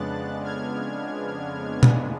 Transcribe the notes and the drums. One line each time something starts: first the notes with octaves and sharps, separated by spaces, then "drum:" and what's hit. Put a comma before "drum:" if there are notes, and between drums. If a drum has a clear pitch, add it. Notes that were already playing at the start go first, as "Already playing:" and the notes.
Already playing: F2 C#3 G#3 B3 D4 F#6 A6
F6 G#6
drum: tom B2